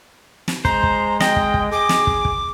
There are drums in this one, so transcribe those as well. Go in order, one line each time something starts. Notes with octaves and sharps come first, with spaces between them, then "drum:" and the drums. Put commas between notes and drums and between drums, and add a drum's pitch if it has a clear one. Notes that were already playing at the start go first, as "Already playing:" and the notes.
drum: snare
G#3 C5 A#5, drum: kick
drum: kick
D#5 G5, drum: snare
drum: kick
drum: kick
G#4 D6
drum: snare
drum: kick
drum: kick